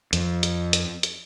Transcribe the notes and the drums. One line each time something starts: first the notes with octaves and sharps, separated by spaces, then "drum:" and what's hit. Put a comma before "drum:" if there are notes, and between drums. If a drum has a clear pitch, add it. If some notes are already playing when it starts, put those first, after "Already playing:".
F2, drum: hi-hat
drum: hi-hat
drum: hi-hat
drum: hi-hat